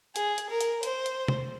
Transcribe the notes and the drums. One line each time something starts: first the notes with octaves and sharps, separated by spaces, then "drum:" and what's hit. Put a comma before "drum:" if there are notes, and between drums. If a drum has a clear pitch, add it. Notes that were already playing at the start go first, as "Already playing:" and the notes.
G#4, drum: hi-hat
drum: hi-hat
A#4
drum: hi-hat
C5, drum: hi-hat
drum: hi-hat
drum: tom C3